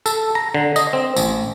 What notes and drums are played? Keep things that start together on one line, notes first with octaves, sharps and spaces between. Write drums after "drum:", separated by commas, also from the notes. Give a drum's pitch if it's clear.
A4, drum: tambourine
A#5
D3
D#5, drum: tambourine
C4
A1, drum: tambourine